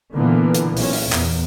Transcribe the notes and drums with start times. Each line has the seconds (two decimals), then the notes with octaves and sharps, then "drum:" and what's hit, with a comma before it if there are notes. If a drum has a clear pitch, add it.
0.15 A#2 D3 E3 A#3 B3
0.55 drum: hi-hat
0.77 B1 A#2 C#4, drum: open hi-hat
0.93 drum: open hi-hat
1.12 E2, drum: clap